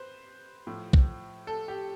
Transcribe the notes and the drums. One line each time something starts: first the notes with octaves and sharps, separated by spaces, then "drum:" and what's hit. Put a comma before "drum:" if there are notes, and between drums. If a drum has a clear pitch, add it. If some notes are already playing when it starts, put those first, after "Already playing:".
Already playing: B4 C5
A2 F3
drum: kick
A4
G4